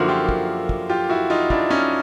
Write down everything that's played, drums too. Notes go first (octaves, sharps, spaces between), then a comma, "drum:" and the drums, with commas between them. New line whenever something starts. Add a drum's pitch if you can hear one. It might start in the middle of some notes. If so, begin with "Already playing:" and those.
Already playing: F#2 D3 F3 A#3 E4 F#4
F4 G4
drum: kick
drum: kick
F4 G4
E4 F#4
D#4 F4
D4 E4, drum: kick
C#4 D#4